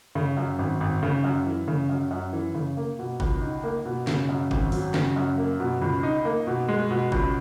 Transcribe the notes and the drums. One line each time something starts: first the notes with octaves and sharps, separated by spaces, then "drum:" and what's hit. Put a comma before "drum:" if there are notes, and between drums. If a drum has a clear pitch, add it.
C#3
F#2
G#1
G#1
C#3
F#2
E3
C#3
F#2
F#2
E3
C#3
A#3
B2
C#2, drum: kick G1
D#4
A#3
B2
C#3, drum: snare
F#2
G#1, drum: kick G1
F#3, drum: open hi-hat
C#3, drum: snare
F#2
A#3
B2
C#2
D#4
A#3
B2
G#3
B2
C#2, drum: kick G1